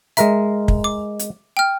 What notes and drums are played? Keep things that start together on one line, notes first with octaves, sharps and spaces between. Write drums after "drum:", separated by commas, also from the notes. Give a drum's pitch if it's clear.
G#3 A#4 E5 A#5, drum: hi-hat
drum: kick
D6
drum: hi-hat
G5 F6